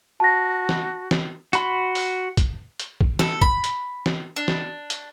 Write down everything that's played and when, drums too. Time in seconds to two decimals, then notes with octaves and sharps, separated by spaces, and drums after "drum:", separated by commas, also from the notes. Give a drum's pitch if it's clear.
0.20 F#4 A5 A#6
0.69 drum: snare
1.11 drum: snare
1.53 F#4 B5 C6, drum: hi-hat
1.95 drum: open hi-hat
2.37 drum: kick, hi-hat
2.80 drum: hi-hat
3.01 drum: kick
3.19 A4, drum: snare
3.41 B5, drum: kick
3.64 drum: hi-hat
4.06 drum: snare
4.36 D4
4.48 drum: snare
4.90 drum: hi-hat